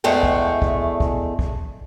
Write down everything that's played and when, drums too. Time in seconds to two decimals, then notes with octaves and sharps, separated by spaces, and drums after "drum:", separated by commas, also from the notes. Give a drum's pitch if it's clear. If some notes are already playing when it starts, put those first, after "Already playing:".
0.04 E2 G#3 A3 G5
0.23 drum: kick
0.62 drum: kick
1.00 drum: kick
1.39 drum: kick